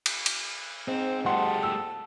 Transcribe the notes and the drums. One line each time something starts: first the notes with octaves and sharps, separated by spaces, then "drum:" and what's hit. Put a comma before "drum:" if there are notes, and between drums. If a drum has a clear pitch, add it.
drum: cymbal
drum: cymbal
G#2 C4 D#4
G#3 G4 A4 F#5 A5 C6
E6